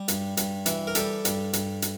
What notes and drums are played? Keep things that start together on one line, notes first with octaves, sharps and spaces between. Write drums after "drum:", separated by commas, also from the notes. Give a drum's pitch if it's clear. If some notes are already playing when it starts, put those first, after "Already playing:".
Already playing: G3
G2, drum: hi-hat
G2, drum: hi-hat
E3, drum: hi-hat
A#4
G3 G4 A4, drum: hi-hat
G2, drum: hi-hat
G2, drum: hi-hat
drum: hi-hat